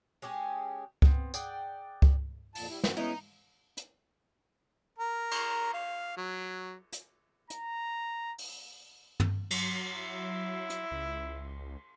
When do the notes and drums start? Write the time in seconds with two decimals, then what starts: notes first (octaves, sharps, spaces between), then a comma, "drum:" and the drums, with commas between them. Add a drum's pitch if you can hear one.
0.22 G#3 C#4 G4 G#4
1.02 B3 C4, drum: kick C#2
1.34 G#4 D5 F#5 G5, drum: tambourine
2.02 drum: kick C#2
2.55 F2 A#2 A5, drum: open hi-hat
2.69 G3 E4
2.84 C4 F#4, drum: snare
2.97 G#3 B3 C#4 D#4 E4
3.77 drum: hi-hat
4.98 A#4
5.31 drum: cymbal
5.73 F5
6.17 F#3
6.93 drum: hi-hat
7.50 A#5, drum: hi-hat
8.38 drum: open hi-hat
9.20 drum: tom
9.51 F#3, drum: cymbal
9.95 E4
10.70 drum: hi-hat
10.91 C#2